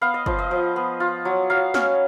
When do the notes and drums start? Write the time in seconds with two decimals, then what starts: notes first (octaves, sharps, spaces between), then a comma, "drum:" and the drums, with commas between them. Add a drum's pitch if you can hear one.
0.01 B3 F5
0.14 D#5
0.26 F3 D#5, drum: kick
0.38 D#5
0.51 F3
0.76 B3
1.00 F4
1.25 F#3
1.50 F#3 F5
1.74 C#4 F5, drum: snare